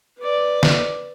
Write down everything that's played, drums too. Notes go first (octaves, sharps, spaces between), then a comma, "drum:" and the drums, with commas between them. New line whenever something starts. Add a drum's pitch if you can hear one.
B4 D5
drum: snare